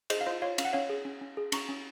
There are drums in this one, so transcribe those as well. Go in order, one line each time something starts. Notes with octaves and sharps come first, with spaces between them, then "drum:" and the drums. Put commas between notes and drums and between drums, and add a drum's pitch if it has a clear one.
G#4 C5 D#5, drum: cymbal
F5
F4 C5 D#5
F4 C#5 F5
C#4 F5, drum: cymbal
F#5
C#4 C#5 F5
G#4
C#4
C#4
G#4
C#4 A#5 C#6, drum: cymbal
C#4